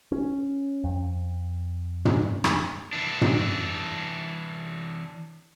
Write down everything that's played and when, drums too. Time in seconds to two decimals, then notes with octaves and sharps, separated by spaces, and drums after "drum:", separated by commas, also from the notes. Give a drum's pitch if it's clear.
0.12 C#4
0.84 F2
2.05 drum: tom
2.44 drum: rim click
2.93 E3 D4
3.21 drum: tom